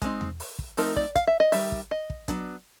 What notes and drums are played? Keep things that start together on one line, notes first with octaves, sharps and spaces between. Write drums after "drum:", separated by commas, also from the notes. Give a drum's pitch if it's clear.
G#3 C4 D#4, drum: kick, hi-hat
drum: tom E2
drum: open hi-hat
drum: kick
F3 A3 C4 D#4 A#4, drum: open hi-hat
D5, drum: kick
F5, drum: kick, hi-hat
E5
D#5
D#3 G3 E5, drum: open hi-hat
drum: kick
D#5
drum: kick
F#3 B3 D4, drum: kick, hi-hat